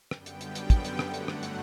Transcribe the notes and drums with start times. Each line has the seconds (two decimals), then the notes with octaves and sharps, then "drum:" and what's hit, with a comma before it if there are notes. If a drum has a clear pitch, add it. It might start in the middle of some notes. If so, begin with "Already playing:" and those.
0.11 F#2 D3 G3 B3 G5, drum: rim click
0.26 drum: hi-hat
0.41 drum: hi-hat
0.55 drum: hi-hat
0.70 drum: kick, hi-hat
0.85 drum: hi-hat
0.99 G2 D3 F#3 A3 F#5, drum: rim click
1.14 drum: hi-hat
1.28 drum: rim click
1.43 drum: hi-hat